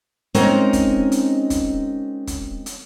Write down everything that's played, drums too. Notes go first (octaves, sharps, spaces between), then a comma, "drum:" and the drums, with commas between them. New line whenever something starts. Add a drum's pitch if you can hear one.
G#3 C4 C#4 D#4 F#4 A#4, drum: hi-hat
drum: kick, hi-hat
drum: hi-hat
drum: kick, hi-hat
drum: kick, hi-hat
drum: hi-hat